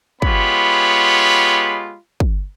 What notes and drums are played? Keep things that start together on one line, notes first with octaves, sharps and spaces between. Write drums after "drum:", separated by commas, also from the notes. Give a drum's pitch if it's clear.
G#3 B3 F4 G4 C#5 B5, drum: kick
drum: kick